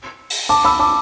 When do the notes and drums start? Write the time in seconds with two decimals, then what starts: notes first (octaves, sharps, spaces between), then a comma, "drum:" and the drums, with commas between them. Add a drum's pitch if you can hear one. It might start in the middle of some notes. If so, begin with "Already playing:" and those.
0.30 drum: open hi-hat
0.49 A5 D6
0.65 B5 E6
0.79 A5 D6